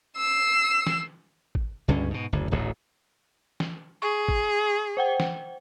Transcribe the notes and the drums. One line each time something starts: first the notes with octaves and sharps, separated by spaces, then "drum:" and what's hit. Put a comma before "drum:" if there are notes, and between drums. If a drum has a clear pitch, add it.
E6 C7
drum: snare
drum: kick
C#2 G2 D3 C#4
G#2 B2
F#1 D2
D1 A1 D2
drum: snare
G#4 C#6
drum: kick
C5 F#5 G5
drum: snare